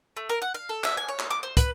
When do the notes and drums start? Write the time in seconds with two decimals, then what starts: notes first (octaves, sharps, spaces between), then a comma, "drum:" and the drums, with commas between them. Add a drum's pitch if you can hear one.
0.17 A3
0.29 A#4
0.42 F#5
0.54 F5
0.69 A4
0.84 E5, drum: clap
0.97 G#5
1.08 C#5
1.20 drum: clap
1.30 D6
1.43 C5
1.57 B4, drum: kick, hi-hat